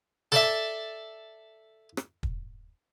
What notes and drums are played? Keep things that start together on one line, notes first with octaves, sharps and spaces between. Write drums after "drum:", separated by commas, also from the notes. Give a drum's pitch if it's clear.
A4 D5 E5, drum: snare
drum: rim click
drum: kick